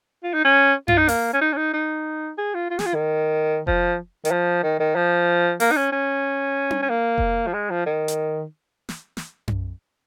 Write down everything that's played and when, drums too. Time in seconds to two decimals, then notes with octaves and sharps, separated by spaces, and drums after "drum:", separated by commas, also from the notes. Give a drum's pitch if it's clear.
0.23 F4
0.34 D#4
0.44 C#4
0.88 F4, drum: tom F#2
0.98 D#4
1.09 A#3, drum: open hi-hat
1.33 C#4
1.41 D#4
1.53 C#4
1.57 D#4
1.73 D#4
2.38 G#4
2.54 F4
2.70 F4
2.79 G#4, drum: snare
2.86 F4
2.94 D#3
3.67 F3, drum: kick F1
4.25 D#3, drum: hi-hat
4.31 F3
4.63 D#3
4.80 D#3
4.95 F3
5.60 A#3, drum: open hi-hat
5.71 D#4
5.77 C#4
5.92 C#4
6.71 drum: tom D4
6.82 C#4
6.90 A#3
7.18 drum: kick F1
7.47 F3
7.54 G#3
7.70 F3
7.86 D#3
8.08 drum: hi-hat
8.89 drum: snare
9.17 drum: snare
9.48 drum: tom F#2